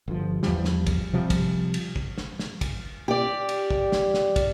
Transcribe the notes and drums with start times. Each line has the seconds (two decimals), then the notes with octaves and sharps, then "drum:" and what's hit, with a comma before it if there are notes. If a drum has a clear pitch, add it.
0.08 G1 F3
0.43 E2 F3 G3, drum: snare
0.65 drum: snare
0.87 drum: kick, cymbal
1.13 C3 F3 G3
1.30 drum: kick, cymbal
1.74 drum: cymbal
1.96 drum: kick
2.18 drum: snare
2.39 drum: snare
2.61 drum: kick, cymbal
3.08 G4 D5
3.49 drum: cymbal
3.70 drum: kick
3.92 drum: snare
4.14 drum: snare
4.36 drum: kick, cymbal